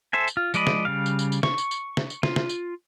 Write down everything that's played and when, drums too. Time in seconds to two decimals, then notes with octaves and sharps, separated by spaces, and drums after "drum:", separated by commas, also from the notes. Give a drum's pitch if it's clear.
0.13 A4 C5 E5 G#5
0.28 drum: tambourine
0.37 F4
0.54 F3 G#3 D5 D#5 B5, drum: tambourine
0.67 drum: snare
0.85 C#3 G3 F5
1.06 drum: tambourine
1.19 drum: tambourine
1.32 drum: tambourine
1.43 C#6, drum: snare
1.58 drum: tambourine
1.71 drum: tambourine
1.97 drum: snare
2.10 drum: tambourine
2.23 F4, drum: snare
2.36 drum: snare
2.49 drum: tambourine